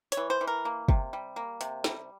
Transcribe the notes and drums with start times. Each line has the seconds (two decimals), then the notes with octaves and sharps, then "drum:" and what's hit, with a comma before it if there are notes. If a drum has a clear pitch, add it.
0.12 C#5, drum: hi-hat
0.17 E3
0.30 C5
0.41 E3
0.47 A#4
0.65 A#3
0.88 C3, drum: kick
1.13 G3
1.36 A#3
1.61 C3, drum: hi-hat
1.84 G3, drum: snare